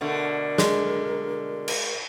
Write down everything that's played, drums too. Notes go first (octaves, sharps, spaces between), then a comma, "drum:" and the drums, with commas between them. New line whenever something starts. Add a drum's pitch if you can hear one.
B2 D3 A3 A#4
G#3, drum: snare
drum: cymbal